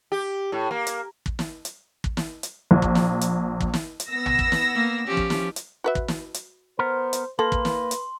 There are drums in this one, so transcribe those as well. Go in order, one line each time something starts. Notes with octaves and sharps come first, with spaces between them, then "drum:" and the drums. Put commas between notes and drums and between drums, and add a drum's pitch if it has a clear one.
G4
A2
A#3
drum: hi-hat
drum: kick
drum: snare
drum: hi-hat
drum: kick
drum: snare
drum: hi-hat
A#1
drum: kick
drum: snare
drum: hi-hat
drum: kick
drum: snare
drum: hi-hat
B3 E6 A#6
drum: tom
drum: kick
drum: snare
A#3
F3 C#4 G4
drum: kick
drum: snare
drum: hi-hat
F#4 B4 E5
drum: kick
drum: snare
drum: hi-hat
B3 A#4 C5
drum: hi-hat
A#3 A4 B4 C6
drum: kick
drum: snare
drum: hi-hat